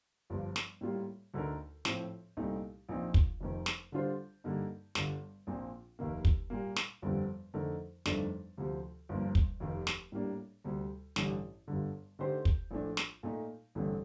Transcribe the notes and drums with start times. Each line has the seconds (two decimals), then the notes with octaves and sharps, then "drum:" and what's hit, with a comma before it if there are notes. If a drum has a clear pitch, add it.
0.30 G1 G2 F3
0.56 drum: snare
0.81 A2 G3 A#3 F4
1.34 D2 D3 A3 D#4 A#4
1.85 A2 F3 C4, drum: snare
2.37 C2 A#2 A3 C4 D#4
2.89 A#1 A#2 F3 C4 D#4
3.14 drum: kick
3.40 F1 F2 D#3
3.66 drum: snare
3.92 D3 G3 D4 F4 C5
4.44 G2 D3 G3 A#3 D#4
4.95 G1 G2 D3, drum: snare
5.47 A#1 A#2 F3 C4
5.99 F1 D#2 D#3 A#3
6.25 drum: kick
6.50 A#2 G3 A#3
6.76 drum: snare
7.02 G1 F2 D3 G3 C4
7.54 F2 D3 A3 D#4 A#4
8.06 G1 F2 D#3 A3 D4, drum: snare
8.58 D2 C3 F3
9.09 G1 G2 F3 A#3
9.35 drum: kick
9.60 F1 D#2 D#3
9.87 drum: snare
10.12 A2 G3 A#3 D4
10.64 D2 C3 G3
11.16 A1 G2 D3 G3, drum: snare
11.68 G1 G2 D3
12.19 D3 A3 D#4 G4 C5
12.45 drum: kick
12.71 A#1 A2 A3 D4
12.97 drum: snare
13.23 A#2 A3 D#4
13.75 A1 G2 D3 A3 C4